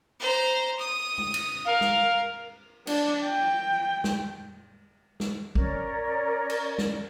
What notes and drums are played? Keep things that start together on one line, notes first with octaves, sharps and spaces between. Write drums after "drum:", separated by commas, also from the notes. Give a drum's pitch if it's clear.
C5 A#5
D#6
drum: tom C#3
drum: cymbal
A#4 F5
drum: snare
D4, drum: cymbal
G5
drum: snare
drum: snare
C#4 A#4 D5, drum: kick
drum: cymbal
drum: snare